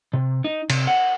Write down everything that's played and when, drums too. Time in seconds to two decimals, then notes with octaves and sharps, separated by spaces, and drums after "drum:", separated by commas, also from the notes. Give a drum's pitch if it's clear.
0.14 C3
0.44 D#4
0.70 C3, drum: cymbal
0.87 F#5